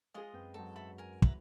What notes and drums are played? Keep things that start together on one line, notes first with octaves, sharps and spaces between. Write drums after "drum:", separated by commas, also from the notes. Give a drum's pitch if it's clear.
G#3 F4 G#4 C5 D#5
F#2 C4 B4 G5
G#2 F#3 A4
A4 E5 B5
A#4 G#5
E3 E4 B4 A#5, drum: kick